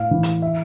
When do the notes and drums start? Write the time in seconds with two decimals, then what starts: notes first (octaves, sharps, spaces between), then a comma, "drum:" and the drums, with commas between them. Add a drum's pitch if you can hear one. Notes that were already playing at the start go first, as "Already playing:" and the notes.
Already playing: A2 F5
0.11 E3
0.23 drum: hi-hat
0.42 E5